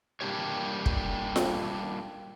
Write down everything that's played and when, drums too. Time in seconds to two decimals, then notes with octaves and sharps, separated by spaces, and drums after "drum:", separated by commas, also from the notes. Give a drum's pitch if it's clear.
0.21 G3 A#3 C4 D4 G4 C#5
0.86 drum: kick
1.36 drum: snare F4